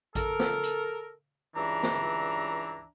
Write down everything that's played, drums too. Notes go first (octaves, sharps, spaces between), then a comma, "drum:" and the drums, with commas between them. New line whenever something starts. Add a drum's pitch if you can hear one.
A4 A#4, drum: kick A1, hi-hat
drum: snare
drum: hi-hat
C#2 G2 E3 D4 E5 A#5
drum: snare